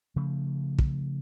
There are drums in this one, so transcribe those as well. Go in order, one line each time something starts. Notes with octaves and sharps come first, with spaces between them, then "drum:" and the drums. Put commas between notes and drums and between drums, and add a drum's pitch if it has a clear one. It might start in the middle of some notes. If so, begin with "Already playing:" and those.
C#3 F3 A3
drum: kick